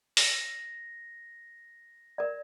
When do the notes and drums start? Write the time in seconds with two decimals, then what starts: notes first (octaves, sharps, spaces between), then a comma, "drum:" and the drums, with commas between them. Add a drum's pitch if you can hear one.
0.17 A#6, drum: open hi-hat
2.18 A#4 D5